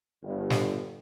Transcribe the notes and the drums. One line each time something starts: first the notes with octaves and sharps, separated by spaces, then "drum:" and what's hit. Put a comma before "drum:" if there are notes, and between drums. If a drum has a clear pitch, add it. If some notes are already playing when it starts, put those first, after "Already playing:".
G1
drum: snare